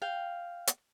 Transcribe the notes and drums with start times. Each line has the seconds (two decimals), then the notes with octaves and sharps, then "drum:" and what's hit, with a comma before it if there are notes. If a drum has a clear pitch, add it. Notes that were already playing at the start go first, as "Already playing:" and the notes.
0.02 F5 G5
0.67 drum: hi-hat